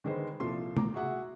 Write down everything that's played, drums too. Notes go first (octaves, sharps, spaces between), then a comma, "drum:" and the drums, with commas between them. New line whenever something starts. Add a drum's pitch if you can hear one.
D3 D#3 G#3 B3 B4 C5
C2 A#2 F3 A4 C6
A#5 D6, drum: tom
F#4 G#4 E5 F#5